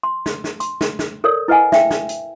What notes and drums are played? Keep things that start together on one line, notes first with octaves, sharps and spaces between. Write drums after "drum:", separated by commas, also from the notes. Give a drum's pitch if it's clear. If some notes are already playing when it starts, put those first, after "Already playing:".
C6
drum: snare
drum: snare
C6, drum: hi-hat
drum: snare
drum: snare
A4 A#4 C#5 D5
E4 B4 D#5 F#5 G#5
E5 G5, drum: snare
drum: snare
drum: hi-hat